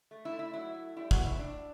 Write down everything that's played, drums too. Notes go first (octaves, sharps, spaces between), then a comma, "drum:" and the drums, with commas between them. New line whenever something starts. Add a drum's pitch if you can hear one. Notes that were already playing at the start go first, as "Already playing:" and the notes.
A3
E4
A3
E4
F#3 E4
A3
G3 E4
F#4, drum: kick
A2
E4
A2 D4